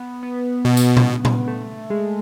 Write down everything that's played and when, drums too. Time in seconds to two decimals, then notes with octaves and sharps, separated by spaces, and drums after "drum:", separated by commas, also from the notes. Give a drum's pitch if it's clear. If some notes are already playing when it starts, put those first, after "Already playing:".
Already playing: B3
0.23 B3
0.65 B2
0.77 drum: tambourine
0.97 drum: tom A#2
1.25 drum: tom A#2
1.47 A3
1.90 G#3